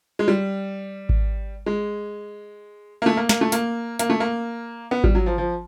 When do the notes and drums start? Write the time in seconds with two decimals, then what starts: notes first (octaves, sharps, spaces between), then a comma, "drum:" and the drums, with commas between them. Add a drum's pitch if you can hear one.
0.19 G#3
0.28 G3
1.09 drum: kick G#1
1.66 G#3
3.02 A#3
3.06 A3
3.17 A#3
3.29 A#3, drum: snare
3.41 A3
3.52 A#3, drum: hi-hat
3.99 A#3, drum: hi-hat
4.10 A3
4.20 A#3
4.91 B3
5.04 G3, drum: kick G#1
5.15 F#3
5.26 F3
5.38 F3